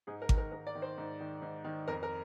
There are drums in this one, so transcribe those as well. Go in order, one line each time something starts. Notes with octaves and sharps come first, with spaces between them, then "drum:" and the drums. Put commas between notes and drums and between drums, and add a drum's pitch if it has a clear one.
G#2 G#4
A#4
D#3, drum: kick G#1
A#4
G#2 A#4
D5
D#3
C5
G#2
D#3
G#2
D#3
F2 A#4
A#4